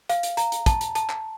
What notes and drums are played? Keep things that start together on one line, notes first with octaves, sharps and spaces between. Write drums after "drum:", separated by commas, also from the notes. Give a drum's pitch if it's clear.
F5, drum: hi-hat
drum: hi-hat
A#5, drum: hi-hat
drum: hi-hat
A5, drum: kick, hi-hat
drum: hi-hat
A5, drum: hi-hat
drum: clap